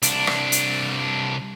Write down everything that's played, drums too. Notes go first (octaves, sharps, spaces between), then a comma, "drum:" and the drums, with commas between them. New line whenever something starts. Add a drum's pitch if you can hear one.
C2 D4, drum: hi-hat
drum: rim click
drum: hi-hat